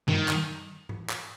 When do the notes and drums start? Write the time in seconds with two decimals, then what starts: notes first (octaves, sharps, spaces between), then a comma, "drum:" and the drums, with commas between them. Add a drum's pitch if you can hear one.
0.08 D#3, drum: tom F#2
0.28 drum: clap
0.89 drum: tom G#2
1.10 drum: clap